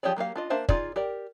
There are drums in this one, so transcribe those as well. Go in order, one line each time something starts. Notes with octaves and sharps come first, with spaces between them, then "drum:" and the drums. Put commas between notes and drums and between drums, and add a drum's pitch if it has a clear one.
F3 G4 G#4 C#5 D5
F#3 A#3 G4 F5
D4 F4 D#5
A#3 D4 C5 E5 F5
D#4 F4 G#4 D5, drum: kick
G4 A#4 D5